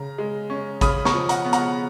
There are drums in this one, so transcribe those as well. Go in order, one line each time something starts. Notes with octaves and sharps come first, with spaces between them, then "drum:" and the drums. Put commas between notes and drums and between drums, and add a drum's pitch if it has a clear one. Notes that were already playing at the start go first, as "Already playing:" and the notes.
Already playing: C#3 A#5
G#3
C#4
C#3 B5 D#6, drum: kick, hi-hat
A#5 C#6, drum: snare
F3
F#5 A#5, drum: hi-hat
B3
F#5 A#5, drum: hi-hat